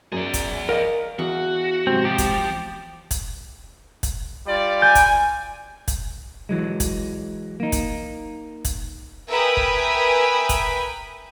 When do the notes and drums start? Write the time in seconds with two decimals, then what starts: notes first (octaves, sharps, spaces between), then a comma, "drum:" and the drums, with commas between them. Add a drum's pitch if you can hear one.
0.12 F#2 G#4 D5
0.34 drum: kick, hi-hat
0.69 A#4 D#5 F5 F6
1.19 E2 F#4
1.87 G#2 C3 F#3 C4
2.05 F3 G4
2.18 drum: kick, hi-hat
3.11 drum: kick, hi-hat
4.03 drum: kick, hi-hat
4.46 G3 F4 D5
4.82 G#5 G6
4.95 drum: kick, hi-hat
5.88 drum: kick, hi-hat
6.49 E3 F#3 G#3
6.80 drum: kick, hi-hat
7.60 A#3 D#4
7.72 drum: kick, hi-hat
8.65 drum: kick, hi-hat
9.29 A#4 B4 E5 G5 G#5 D#6
9.57 drum: kick
10.49 drum: kick, hi-hat